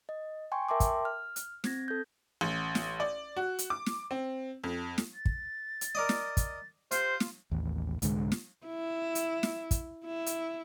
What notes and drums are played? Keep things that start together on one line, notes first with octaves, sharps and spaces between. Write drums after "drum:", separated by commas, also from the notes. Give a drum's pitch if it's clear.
D#5
G5 G#5 C6 C#6
A#4 E5 G5 A5 C6 D6
drum: kick, hi-hat
F6
drum: hi-hat
C4 G#6 A#6, drum: snare
A4 G6
A1
drum: snare
D5
F#4
drum: hi-hat
D6
drum: snare
C4
F2
drum: snare
A6
drum: kick
drum: hi-hat
A#4 D5 D#5
drum: snare
drum: kick, hi-hat
F4 G4 C5, drum: hi-hat
drum: snare
A1 D#2
C2 G#2 D3 G#3, drum: hi-hat
drum: snare
E4
drum: hi-hat
drum: snare
drum: kick, hi-hat
E4
drum: hi-hat